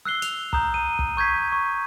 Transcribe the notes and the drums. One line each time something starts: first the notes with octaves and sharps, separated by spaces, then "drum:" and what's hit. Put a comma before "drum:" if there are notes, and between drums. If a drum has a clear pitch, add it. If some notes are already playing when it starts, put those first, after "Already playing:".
E6 F#6 C7 G7
F7, drum: hi-hat
A#5 D#6 G6, drum: kick
D#7
drum: kick
C#6 G6 G#6 B6 C7
C#6